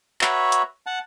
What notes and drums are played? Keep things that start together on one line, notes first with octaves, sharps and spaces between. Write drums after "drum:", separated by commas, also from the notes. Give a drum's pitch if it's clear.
F#4 B4 C#5 E5 A#5, drum: clap
drum: hi-hat
F#5 A5